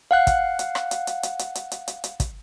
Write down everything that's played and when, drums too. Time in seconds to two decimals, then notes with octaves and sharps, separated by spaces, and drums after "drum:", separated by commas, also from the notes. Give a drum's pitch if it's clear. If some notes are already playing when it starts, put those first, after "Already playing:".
0.11 F5 F#5 F#6
0.27 drum: kick, hi-hat
0.59 drum: hi-hat
0.75 drum: rim click
0.91 drum: hi-hat
1.07 drum: hi-hat
1.23 drum: hi-hat
1.39 drum: hi-hat
1.55 drum: hi-hat
1.71 drum: hi-hat
1.88 drum: hi-hat
2.04 drum: hi-hat
2.20 drum: kick, hi-hat